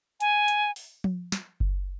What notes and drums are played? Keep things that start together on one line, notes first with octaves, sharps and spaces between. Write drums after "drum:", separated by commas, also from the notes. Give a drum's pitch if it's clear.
G#5, drum: hi-hat
drum: hi-hat
drum: open hi-hat
drum: tom F3
drum: snare
drum: kick F#1